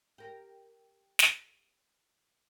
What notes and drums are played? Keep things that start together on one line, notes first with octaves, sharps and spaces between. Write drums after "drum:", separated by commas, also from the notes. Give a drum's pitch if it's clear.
G4 A#4
drum: snare